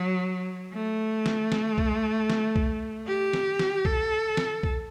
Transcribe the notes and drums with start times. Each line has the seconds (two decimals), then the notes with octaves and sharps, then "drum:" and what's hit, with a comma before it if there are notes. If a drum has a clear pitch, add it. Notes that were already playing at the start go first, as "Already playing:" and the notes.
Already playing: F#3
0.74 A3
1.26 drum: snare
1.52 drum: snare
1.78 drum: kick B1
2.30 drum: snare
2.56 drum: kick B1
3.07 G4
3.33 drum: snare
3.59 drum: snare
3.85 A4, drum: kick B1
4.37 drum: snare
4.63 drum: kick B1